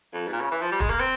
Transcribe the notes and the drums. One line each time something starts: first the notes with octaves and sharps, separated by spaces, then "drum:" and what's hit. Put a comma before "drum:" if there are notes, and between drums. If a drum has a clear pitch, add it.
F2
G#2
A#2
C#3
E3
F3
G3
G#3, drum: kick
A#3
C4